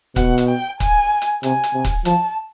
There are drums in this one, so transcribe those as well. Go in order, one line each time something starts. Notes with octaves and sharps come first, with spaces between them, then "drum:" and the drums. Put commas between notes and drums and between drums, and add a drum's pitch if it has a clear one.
B2 F#5, drum: kick C#1, hi-hat
drum: hi-hat
G5
G#5, drum: kick C#1, hi-hat
drum: hi-hat
C3 G#5, drum: hi-hat
drum: hi-hat
C3
drum: kick C#1, hi-hat
F3 A5, drum: hi-hat